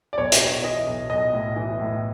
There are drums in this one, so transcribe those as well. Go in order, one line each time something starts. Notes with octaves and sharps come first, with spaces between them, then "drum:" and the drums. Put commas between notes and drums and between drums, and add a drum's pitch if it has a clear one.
D5
B1 C#5
drum: hi-hat
B1
E3 D#5
B1
B1 D#5
A2
E3
A2